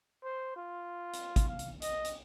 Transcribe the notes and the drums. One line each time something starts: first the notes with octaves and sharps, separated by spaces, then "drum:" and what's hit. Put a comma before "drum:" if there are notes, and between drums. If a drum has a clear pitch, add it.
C5
F4
drum: hi-hat
drum: kick G#1, hi-hat
F5
drum: hi-hat
D#5, drum: hi-hat
drum: hi-hat